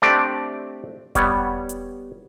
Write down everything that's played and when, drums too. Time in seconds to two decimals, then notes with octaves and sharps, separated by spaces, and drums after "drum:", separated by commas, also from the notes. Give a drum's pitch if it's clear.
0.02 A3 C4 D4 G4 D5
1.15 G3 B3 C#5, drum: kick E1, hi-hat
1.69 drum: hi-hat